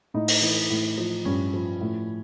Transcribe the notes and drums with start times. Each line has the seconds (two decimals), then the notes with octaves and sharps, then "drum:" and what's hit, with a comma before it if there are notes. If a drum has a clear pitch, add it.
0.14 A2 D#4
0.28 drum: open hi-hat
0.42 E3
0.70 A2
0.98 F3
1.25 G2 C#4
1.54 F3
1.81 A2